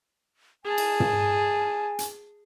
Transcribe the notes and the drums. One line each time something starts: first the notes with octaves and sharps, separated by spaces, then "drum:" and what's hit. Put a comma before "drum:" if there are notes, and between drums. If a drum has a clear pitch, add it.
G#4 G#5 A5
drum: cymbal
drum: tom
drum: hi-hat